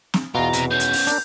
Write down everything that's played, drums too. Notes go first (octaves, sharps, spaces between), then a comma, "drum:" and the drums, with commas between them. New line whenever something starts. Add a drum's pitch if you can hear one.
drum: snare
E2 B2 F4 A#5
C3, drum: hi-hat
B3 C#4 G6
drum: hi-hat
drum: open hi-hat
D4 A#4, drum: hi-hat